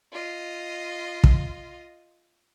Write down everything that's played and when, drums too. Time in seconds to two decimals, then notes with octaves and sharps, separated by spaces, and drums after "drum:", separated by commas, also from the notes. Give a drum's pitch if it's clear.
0.13 F4 D#5
1.24 drum: kick